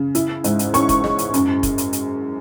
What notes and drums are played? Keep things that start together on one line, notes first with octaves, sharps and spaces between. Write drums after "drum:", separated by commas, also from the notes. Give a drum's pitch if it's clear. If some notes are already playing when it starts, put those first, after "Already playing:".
Already playing: C#3
E4, drum: hi-hat
G#2, drum: hi-hat
drum: hi-hat
C#4 C#6, drum: hi-hat
drum: kick F1, hi-hat
G#3, drum: snare
drum: hi-hat
F#2, drum: hi-hat
drum: kick F1, hi-hat
drum: hi-hat
drum: hi-hat